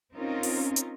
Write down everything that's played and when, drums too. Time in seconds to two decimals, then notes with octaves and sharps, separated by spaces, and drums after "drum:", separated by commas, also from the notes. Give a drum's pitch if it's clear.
0.14 C4 C#4 D#4 F4 A#4
0.43 drum: open hi-hat
0.76 drum: hi-hat